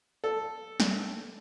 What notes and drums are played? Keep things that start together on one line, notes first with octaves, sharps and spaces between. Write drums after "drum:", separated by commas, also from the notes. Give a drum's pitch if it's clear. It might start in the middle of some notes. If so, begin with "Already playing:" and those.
A4
drum: snare